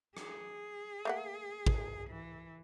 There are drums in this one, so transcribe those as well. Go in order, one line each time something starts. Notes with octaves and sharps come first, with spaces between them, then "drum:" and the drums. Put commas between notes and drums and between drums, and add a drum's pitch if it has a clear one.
G#4, drum: rim click
A3 A#3 F#5
drum: kick
E3